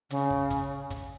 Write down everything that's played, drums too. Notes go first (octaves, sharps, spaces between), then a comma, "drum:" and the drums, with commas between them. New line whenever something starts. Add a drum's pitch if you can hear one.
C#3, drum: hi-hat
drum: kick
drum: kick, hi-hat
drum: kick, hi-hat